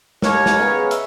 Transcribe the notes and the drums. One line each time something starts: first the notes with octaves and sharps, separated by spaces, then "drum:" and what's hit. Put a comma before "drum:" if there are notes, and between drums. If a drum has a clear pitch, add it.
D#2 A#4 C#5, drum: snare
drum: snare
C#3 G#3 B3
E5, drum: hi-hat